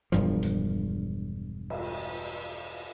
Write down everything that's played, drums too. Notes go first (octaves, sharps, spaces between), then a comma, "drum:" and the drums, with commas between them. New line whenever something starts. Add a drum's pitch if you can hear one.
E1 G2 F3
drum: hi-hat
drum: cymbal